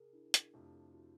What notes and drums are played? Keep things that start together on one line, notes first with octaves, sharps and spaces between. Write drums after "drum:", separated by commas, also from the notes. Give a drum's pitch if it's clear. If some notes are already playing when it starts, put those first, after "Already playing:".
Already playing: C3 G#4 A#4
D4 E4
drum: hi-hat
F2 C3 F3 A3 D4 E4
E4 F#4